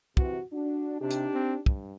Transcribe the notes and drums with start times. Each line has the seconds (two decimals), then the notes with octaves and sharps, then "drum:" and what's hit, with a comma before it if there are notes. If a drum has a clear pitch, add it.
0.17 C3 E3 F#4, drum: kick
0.53 D4 F#4
1.01 C3 D4 D#4 G4
1.11 drum: hi-hat
1.34 C4
1.66 G2, drum: kick